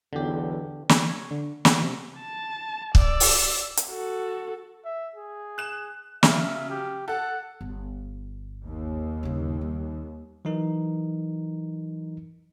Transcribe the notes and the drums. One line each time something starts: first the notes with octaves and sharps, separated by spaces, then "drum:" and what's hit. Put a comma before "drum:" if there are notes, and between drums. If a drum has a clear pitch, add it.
B1 E2 D3 G4
drum: snare
C#5
D3
F#4, drum: snare
C3
A5
D5 E6, drum: kick
drum: open hi-hat
drum: hi-hat
F#4 A4
E5
G#4
F#6 E7
C#3 F#3 E5, drum: snare
G4
A4 F#5
G1
D#2
G2 C#3
G3
E3 F#3 D#4 A#4